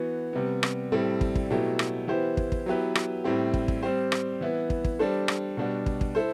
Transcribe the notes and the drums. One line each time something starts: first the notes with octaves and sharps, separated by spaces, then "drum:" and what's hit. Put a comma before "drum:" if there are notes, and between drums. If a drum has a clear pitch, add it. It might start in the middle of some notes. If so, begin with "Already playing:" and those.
Already playing: E3 B3 F#4
C3 G3 B3
drum: rim click
A2 G3 C4 E4 A4
drum: kick
drum: kick
B2 F#3 A3 E4 G4
drum: rim click
E3 B3 E4 G4 C5
drum: kick
drum: kick
F#3 B3 E4 G4 B4
drum: rim click
A2 G3 C4 E4 G4
drum: kick
drum: kick
G3 C4 G4 C5
drum: rim click
E3 B3 E4
drum: kick
drum: kick
G3 D4 A4 C5
drum: rim click
B2 G3 D4 F#4
drum: kick
drum: kick
E4 A4 C5